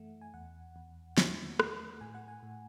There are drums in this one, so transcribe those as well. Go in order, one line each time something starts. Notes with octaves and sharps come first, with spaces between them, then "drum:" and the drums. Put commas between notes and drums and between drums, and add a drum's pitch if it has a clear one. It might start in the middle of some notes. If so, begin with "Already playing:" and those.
Already playing: F#2 E3 A3 E5 F#5
G#5
E2 F#5
E2
D#3, drum: snare
A3, drum: rim click
A2 G#5
F#5
G#5
A2